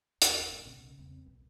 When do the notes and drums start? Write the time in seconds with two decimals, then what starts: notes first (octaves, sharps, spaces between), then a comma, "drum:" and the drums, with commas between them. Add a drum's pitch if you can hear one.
0.22 F1 E2, drum: hi-hat
0.50 G#2 C4
0.64 B1 C#3
0.98 E2 C4
1.26 B1